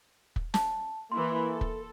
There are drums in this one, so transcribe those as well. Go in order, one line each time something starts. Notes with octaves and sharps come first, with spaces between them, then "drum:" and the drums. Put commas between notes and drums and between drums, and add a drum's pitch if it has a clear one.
drum: kick
A5, drum: snare
E3 A#3 E4 C6
A4
drum: kick